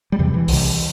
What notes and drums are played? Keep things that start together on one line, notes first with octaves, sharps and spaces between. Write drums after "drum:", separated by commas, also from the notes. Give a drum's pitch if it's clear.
G3
E2 C3 E3
E3
C2, drum: open hi-hat
C3